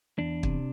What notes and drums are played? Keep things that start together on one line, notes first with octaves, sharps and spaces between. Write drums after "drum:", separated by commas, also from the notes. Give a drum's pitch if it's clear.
E2 D4
C3, drum: kick